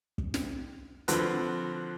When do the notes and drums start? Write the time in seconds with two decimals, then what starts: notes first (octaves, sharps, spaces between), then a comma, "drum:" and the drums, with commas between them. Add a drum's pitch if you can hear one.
0.18 drum: kick
0.34 drum: snare
1.08 D3 F3 C4 F#4 B4 F#6, drum: hi-hat